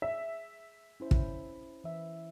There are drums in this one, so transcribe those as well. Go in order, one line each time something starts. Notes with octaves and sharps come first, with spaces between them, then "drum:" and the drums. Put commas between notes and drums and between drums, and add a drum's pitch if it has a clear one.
G#4 E5
C#4 E4 C5
drum: kick
E3 E5